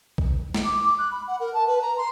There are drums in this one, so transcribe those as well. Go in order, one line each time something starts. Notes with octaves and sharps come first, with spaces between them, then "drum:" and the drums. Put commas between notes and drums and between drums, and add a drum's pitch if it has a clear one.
drum: kick B1
drum: snare
D6
D6
F#6
B5
F#5
A#4
A5
B4
A#5
C6